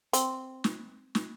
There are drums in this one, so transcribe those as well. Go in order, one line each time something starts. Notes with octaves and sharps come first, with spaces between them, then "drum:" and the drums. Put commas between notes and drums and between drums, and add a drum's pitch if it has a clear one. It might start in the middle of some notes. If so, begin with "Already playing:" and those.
C4, drum: hi-hat
drum: snare
drum: snare